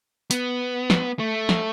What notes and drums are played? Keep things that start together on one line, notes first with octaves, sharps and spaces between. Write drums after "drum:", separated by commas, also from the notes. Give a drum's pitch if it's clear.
B3, drum: hi-hat
drum: snare
A3
drum: snare